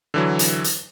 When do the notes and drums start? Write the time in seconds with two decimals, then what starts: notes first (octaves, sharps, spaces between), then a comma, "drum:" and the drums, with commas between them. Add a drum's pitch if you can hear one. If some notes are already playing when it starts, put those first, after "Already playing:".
0.14 D3 E3 F#3
0.39 drum: hi-hat
0.64 drum: hi-hat